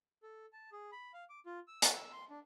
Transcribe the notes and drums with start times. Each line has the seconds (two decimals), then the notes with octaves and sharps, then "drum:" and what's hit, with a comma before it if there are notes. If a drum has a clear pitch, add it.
0.23 A4
0.53 A5
0.72 G#4
0.92 B5
1.14 F5
1.29 D6
1.46 F4
1.68 E6
1.82 F#5, drum: hi-hat
1.96 E6
2.13 C6
2.30 D4